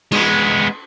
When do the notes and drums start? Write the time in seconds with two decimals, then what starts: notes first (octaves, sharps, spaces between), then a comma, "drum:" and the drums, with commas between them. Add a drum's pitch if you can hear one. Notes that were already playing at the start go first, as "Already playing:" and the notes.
0.12 G#3 B3, drum: cymbal